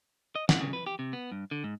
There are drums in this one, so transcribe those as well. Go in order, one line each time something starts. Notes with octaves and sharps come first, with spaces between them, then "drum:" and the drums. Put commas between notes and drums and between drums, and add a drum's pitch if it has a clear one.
D#5
F#5, drum: snare
C#3
B4
G4
C3
B3
G2
D3
G#2